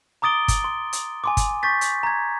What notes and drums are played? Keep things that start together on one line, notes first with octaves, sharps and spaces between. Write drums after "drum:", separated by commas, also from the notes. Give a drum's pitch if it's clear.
A#5 D6 D#6 A6 D7 G7
drum: kick G1, hi-hat
C6
drum: hi-hat
G#5 C6 D6
drum: kick G1, hi-hat
C#6 G6 A6 B6
drum: hi-hat
A#5 G#6